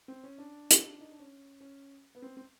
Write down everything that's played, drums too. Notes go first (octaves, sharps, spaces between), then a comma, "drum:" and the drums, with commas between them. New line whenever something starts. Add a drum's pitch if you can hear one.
C4
C#4
D4
drum: hi-hat
D#4
D4
C#4
C#4
B3
C4
C4